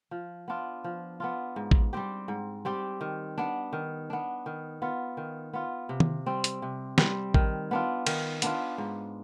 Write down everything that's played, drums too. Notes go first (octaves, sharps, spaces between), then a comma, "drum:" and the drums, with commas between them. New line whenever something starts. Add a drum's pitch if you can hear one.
F3
B3 D4 F4
F3
B3 D4 F4
G#2
drum: kick A1
G3 C4 G4
G#2
G3 C4 G4
D#3
B3 D4
D#3
B3 D4
D#3
B3 F4
D#3
B3 F4
C3
drum: tom D#3
G3 C4
drum: hi-hat
C3
G3 C4, drum: snare
D#3, drum: kick A1
B3 D4 F4
D#3, drum: cymbal
B3 D4 F4, drum: hi-hat
G#2